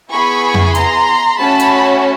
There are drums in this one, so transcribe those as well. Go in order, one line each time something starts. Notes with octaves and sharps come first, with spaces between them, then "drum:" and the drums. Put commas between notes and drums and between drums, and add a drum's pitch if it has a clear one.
B3 E4 G#4 B5 C#6
drum: tom F2
A#5 C6, drum: hi-hat
A3 C#4 F#4 A5 B5
drum: hi-hat